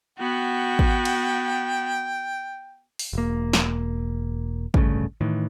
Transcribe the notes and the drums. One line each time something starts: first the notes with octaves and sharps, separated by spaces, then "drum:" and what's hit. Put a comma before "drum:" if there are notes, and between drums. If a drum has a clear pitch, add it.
B3 F#4 G5
drum: kick
drum: cymbal
drum: open hi-hat
E1 A#3
drum: snare
D1 G2 C#3 A3, drum: kick
A2 D#3 E3